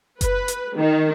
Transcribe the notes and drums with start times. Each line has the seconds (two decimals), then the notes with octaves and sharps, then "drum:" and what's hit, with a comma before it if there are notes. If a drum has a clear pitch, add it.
0.21 B4, drum: kick F#1, hi-hat
0.48 drum: hi-hat
0.76 D#3